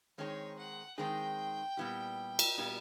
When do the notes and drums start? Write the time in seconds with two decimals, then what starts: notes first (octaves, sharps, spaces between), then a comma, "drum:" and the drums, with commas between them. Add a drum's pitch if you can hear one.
0.18 D#3 G#3 C4 D#4 G#4 C#5
0.58 F#5
0.98 D#3 G#3 C4 D#4 G#4 G5
1.77 A#2 G3 B3 E4 G4
2.39 drum: cymbal
2.58 A#2 G3 B3 E4 G4